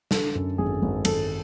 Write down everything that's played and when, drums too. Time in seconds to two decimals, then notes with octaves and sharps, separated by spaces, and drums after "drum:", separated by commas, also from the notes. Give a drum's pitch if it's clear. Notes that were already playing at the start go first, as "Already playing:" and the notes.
0.11 D3 A4, drum: snare
0.35 F#2
0.58 G#1 G#4
0.82 G#1
1.05 G#1 A4, drum: cymbal